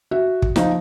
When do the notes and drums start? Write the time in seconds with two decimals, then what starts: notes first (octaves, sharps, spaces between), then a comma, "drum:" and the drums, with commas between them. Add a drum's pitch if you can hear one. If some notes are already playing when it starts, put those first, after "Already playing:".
0.11 F#4 E5
0.42 drum: kick
0.56 F3 D#4, drum: snare